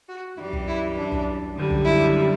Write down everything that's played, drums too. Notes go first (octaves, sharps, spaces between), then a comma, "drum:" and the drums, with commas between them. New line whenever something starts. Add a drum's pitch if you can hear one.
F#4
F#2 E3 G3 E4
drum: kick
E4
D4
drum: kick
F#2 D3 G3
drum: kick
E4